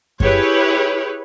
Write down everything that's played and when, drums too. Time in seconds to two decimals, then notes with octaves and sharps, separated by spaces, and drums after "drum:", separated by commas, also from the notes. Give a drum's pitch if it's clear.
0.20 E4 G4 G#4 B4 C#5, drum: kick F#2